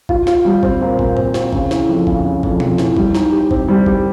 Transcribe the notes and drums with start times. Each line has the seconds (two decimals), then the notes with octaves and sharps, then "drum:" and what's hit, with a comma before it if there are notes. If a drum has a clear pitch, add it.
0.09 F4, drum: kick G1
0.27 F4, drum: snare
0.45 G3
0.63 C4, drum: kick G1
0.81 A#2
0.99 A#2, drum: kick G1
1.17 C4, drum: tom F#2
1.34 C4, drum: snare
1.53 C#3, drum: kick G1
1.71 E3, drum: snare
1.89 F2
2.07 C#3, drum: kick G1
2.25 C#3
2.43 F2, drum: kick G1
2.60 F2, drum: tom B2
2.78 E3, drum: snare
2.97 G3, drum: kick G1
3.15 D#4, drum: snare
3.32 G4
3.51 C4, drum: kick G1
3.68 G3
3.86 G4, drum: kick G1